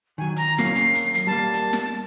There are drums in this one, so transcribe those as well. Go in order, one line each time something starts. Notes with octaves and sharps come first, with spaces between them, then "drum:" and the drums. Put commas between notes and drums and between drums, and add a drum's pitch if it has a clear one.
D#3 F#3 G#5
A#5, drum: hi-hat
F#3 A#3 C#4 C7, drum: snare
drum: hi-hat
drum: hi-hat
drum: hi-hat
G3 A#3 A5
drum: hi-hat
drum: snare